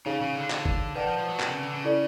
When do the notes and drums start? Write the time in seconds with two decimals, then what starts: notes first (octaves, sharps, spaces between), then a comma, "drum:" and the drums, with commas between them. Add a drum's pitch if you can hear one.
0.06 C#3 D#4 G#4 C#5 F5
0.21 C#3
0.36 D3
0.51 D3, drum: clap
0.65 drum: kick
0.95 D#3 B4 D5 F#5 A5
1.07 F3
1.18 F3
1.29 F#3
1.40 C3, drum: clap
1.51 C#3
1.63 D3
1.74 C#3
1.85 E4 A4 D5